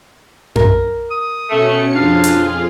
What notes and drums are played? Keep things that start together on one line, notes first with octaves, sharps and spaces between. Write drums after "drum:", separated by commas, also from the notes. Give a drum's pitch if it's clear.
A#4, drum: tom F#2
D#6
B2 A3 C#4 C#7
F2 D4 F4 G#4 F5
drum: hi-hat